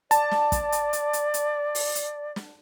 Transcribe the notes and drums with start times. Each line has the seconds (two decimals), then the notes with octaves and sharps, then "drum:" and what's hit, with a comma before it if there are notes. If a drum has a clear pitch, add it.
0.11 D5 A5, drum: hi-hat
0.31 drum: snare
0.52 drum: kick, hi-hat
0.72 drum: hi-hat
0.93 drum: hi-hat
1.13 drum: hi-hat
1.34 drum: hi-hat
1.75 drum: open hi-hat
1.95 drum: hi-hat
2.36 drum: snare